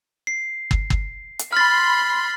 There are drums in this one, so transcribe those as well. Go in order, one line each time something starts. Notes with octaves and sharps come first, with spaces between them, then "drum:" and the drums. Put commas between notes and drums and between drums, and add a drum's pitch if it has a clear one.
C7
drum: kick
drum: kick
drum: hi-hat
B5 C6 F6 A6